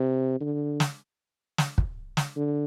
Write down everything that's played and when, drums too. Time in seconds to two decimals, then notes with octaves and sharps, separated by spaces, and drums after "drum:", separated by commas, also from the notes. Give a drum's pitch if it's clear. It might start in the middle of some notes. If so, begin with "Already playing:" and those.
Already playing: C3
0.41 D3
0.80 drum: snare
1.58 drum: snare
1.78 drum: kick
2.17 drum: snare
2.37 D3